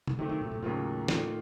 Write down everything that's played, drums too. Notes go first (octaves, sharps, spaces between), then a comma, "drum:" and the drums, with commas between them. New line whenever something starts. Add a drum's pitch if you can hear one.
drum: tom
C3 D#3 F#3 A3
D#3
A#2
A2
D#2 A2 C#3 F#3 A#3 F4
D#3 A#3 F4 A4, drum: snare